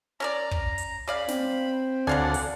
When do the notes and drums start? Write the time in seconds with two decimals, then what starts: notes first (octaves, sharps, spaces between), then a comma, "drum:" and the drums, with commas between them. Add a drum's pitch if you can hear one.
0.20 C#4 A#4 D5 A#5
0.51 drum: kick
0.78 drum: hi-hat
1.08 C#3 D5 F5 B5
1.28 C4, drum: snare
2.07 D2 F#3 A4 D5 F5 F#5 G#5
2.34 drum: open hi-hat